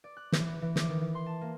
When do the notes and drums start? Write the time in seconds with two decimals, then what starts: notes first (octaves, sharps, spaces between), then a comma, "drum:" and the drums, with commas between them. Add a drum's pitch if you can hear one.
0.04 D5
0.17 F#6
0.32 E3, drum: snare
0.48 B3
0.62 E3
0.76 D6, drum: snare
0.88 D#3
1.01 E3
1.15 C6
1.26 A5
1.41 A#3